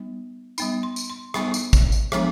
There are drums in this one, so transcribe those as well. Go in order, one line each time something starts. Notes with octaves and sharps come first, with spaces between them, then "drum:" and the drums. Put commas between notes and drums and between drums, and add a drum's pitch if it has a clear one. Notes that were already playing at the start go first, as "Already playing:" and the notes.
Already playing: G3 B3 D#4
G3 B3 D#4 B5, drum: tambourine
C6
drum: tambourine
C6
G3 B3 D#4 B5, drum: rim click
drum: tambourine
drum: kick, tambourine
drum: tambourine
F3 G#3 B3 D4, drum: rim click